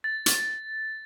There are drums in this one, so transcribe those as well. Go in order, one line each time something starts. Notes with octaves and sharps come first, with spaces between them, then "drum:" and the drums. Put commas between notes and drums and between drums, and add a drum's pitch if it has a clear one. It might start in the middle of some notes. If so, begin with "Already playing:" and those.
A6
drum: hi-hat